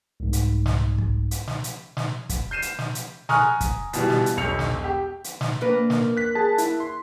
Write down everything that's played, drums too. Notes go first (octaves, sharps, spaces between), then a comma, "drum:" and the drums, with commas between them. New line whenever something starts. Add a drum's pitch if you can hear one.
C2 G#2
drum: hi-hat
drum: snare
drum: kick
drum: hi-hat
drum: snare
drum: hi-hat
drum: snare
drum: kick, hi-hat
G6 C7 D#7 E7
drum: hi-hat
drum: snare
drum: hi-hat
G#5 A#5 C#6 D#6 F6 F#6, drum: snare
drum: kick, hi-hat
B2 E3 G3, drum: hi-hat
drum: snare
drum: hi-hat
E1 B1 C#7 F7
drum: snare
G4
drum: hi-hat
drum: snare
A#3 D4 B4
drum: snare
F#6 B6
G#4 A5
E4, drum: hi-hat
C6